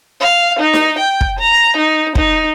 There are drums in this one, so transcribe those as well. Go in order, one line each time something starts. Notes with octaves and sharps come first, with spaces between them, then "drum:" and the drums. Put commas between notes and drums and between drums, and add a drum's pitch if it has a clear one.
F5
D#4
drum: snare D#4
G5
drum: kick
A#5
D#4
D#4, drum: kick